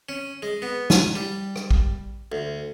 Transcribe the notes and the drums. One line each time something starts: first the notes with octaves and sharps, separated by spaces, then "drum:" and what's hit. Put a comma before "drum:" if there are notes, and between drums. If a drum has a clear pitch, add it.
C#4
G#3
B3
G#5, drum: snare
G3
drum: rim click
drum: kick A1
D2